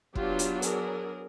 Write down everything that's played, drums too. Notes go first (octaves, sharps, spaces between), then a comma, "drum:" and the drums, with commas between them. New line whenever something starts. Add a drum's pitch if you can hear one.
F#3 B3 D4 F4 G4, drum: kick
drum: hi-hat
G#4 A#4, drum: hi-hat